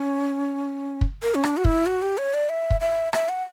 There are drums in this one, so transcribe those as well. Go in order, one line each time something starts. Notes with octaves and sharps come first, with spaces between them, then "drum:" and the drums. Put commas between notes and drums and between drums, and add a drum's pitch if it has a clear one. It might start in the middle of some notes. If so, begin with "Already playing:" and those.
Already playing: C#4
drum: kick
A#4
C#4
D4, drum: rim click
F#4
E4, drum: kick
F#4
G4
C#5
D5
E5
drum: kick
E5
E5, drum: rim click
F#5